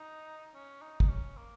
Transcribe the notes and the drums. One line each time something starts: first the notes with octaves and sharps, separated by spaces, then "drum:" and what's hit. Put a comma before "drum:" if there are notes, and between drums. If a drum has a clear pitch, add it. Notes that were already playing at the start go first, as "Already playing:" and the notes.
Already playing: D#4
C#4
D#4
D#4, drum: kick
C#4
A#3